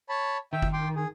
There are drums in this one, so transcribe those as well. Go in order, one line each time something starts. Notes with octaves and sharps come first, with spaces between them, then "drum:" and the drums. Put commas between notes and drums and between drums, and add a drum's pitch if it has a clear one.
C#5 A5 B5
D#3 E5 G5
drum: kick F#1
G5 C6 D6
G#4